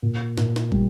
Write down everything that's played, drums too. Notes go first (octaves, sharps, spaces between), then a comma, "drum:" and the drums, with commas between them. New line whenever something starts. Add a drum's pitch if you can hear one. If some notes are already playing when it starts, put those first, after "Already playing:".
A#2
A#2, drum: snare
drum: snare
G3, drum: kick